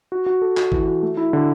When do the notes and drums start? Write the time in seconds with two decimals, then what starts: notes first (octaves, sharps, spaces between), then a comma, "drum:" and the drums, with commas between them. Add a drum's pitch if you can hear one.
0.12 F#4
0.26 F#4
0.42 A4
0.57 F#4, drum: clap
0.72 E3, drum: kick G#1
0.88 F#4
1.03 A3
1.17 E4
1.33 D3